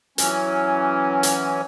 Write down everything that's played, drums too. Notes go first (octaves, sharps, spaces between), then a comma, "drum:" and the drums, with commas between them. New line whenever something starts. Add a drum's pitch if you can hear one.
E3 F#3 C#4, drum: hi-hat
drum: hi-hat